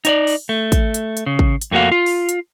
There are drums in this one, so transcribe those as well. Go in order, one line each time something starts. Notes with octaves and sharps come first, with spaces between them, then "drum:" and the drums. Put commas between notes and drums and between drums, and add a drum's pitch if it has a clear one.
D#4 C#5 D5, drum: hi-hat
drum: open hi-hat
A3
drum: kick, hi-hat
drum: hi-hat
drum: hi-hat
C#3
drum: kick
drum: hi-hat
F2 A3 A#3 F#4 F5
F4
drum: open hi-hat
drum: hi-hat